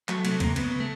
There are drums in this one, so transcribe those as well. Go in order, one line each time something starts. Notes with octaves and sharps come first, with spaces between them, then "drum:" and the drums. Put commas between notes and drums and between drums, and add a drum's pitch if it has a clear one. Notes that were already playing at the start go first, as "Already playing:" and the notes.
F#3 A3, drum: clap
C3 A3, drum: cymbal
C3 A#3, drum: kick, cymbal
C#3 B3, drum: cymbal
A3